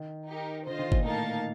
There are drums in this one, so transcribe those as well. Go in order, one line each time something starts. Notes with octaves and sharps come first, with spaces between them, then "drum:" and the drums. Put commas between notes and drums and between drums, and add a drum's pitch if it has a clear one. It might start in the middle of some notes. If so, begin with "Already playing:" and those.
Already playing: D#3
D#4 G4 A#4
D3 F4 C5 D#5
D#3
A#2, drum: kick G1
A2 A#3 D#4 A#4 F5 A5